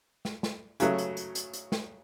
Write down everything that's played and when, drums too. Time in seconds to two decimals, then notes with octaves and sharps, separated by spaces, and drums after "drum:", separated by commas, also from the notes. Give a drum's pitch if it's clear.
0.25 drum: snare
0.43 drum: snare
0.80 C#3 F#3 A3, drum: hi-hat
0.98 drum: hi-hat
1.17 drum: hi-hat
1.35 drum: hi-hat
1.53 drum: hi-hat
1.72 drum: snare